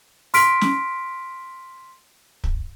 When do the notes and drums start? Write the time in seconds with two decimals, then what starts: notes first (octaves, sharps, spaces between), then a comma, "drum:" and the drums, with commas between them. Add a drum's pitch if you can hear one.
0.34 C6 F6 B6 D7, drum: open hi-hat
0.61 drum: snare
2.44 drum: kick